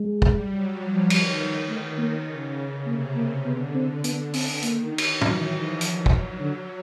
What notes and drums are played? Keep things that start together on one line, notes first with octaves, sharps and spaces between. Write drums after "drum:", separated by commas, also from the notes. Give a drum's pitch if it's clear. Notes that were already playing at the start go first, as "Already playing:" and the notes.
Already playing: G#3
G3, drum: kick
F#3
F3
D#3, drum: cymbal
A3
A#3
C#3
C3 A#3
C#3 A#3
D3 B3
C4
B3, drum: hi-hat
C4, drum: open hi-hat
D#3 A#3, drum: hi-hat
drum: cymbal
E3 F#3, drum: tom A2
F3
F#3, drum: hi-hat
drum: kick
D3